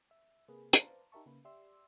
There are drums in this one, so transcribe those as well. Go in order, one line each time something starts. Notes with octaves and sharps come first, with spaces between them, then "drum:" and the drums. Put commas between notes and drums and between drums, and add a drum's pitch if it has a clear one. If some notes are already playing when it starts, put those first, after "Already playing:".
E5
C3 A#3 G#4 B4
B4 C5 D5 F5 A5 A#5, drum: hi-hat
D#4 G4 A#4 E5 A5 C#6
C#3 A#3 B4
G4 D5 E5 C6 E6